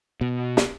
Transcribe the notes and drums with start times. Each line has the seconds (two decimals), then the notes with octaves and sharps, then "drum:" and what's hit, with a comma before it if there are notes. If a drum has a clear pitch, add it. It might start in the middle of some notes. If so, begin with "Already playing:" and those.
0.21 B2
0.57 drum: snare